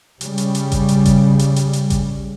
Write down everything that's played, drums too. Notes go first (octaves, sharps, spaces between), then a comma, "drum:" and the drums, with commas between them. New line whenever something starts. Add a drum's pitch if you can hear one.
C#3 G3, drum: hi-hat
drum: hi-hat
drum: hi-hat
drum: kick G#1, hi-hat
drum: hi-hat
drum: kick G#1, hi-hat
drum: hi-hat
drum: hi-hat
drum: hi-hat
drum: kick G#1, hi-hat